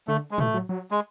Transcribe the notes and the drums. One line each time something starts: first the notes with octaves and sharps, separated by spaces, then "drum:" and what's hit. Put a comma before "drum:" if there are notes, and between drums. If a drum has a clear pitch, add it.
D3 A3
G#3
E3 A3, drum: tom
F#3
F#3
G#3